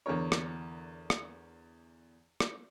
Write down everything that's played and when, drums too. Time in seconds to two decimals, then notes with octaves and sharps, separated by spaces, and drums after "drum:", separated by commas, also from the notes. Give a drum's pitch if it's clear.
0.06 E2 D3 A#4 C#5
0.32 drum: rim click
1.10 drum: rim click
2.40 drum: rim click